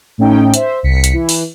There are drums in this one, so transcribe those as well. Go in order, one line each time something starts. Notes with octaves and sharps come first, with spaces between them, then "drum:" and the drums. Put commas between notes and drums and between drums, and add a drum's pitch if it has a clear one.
A2 A3 C#4 D#4 G5
C5 E5, drum: hi-hat
C2 B6 C#7
drum: hi-hat
E3
drum: open hi-hat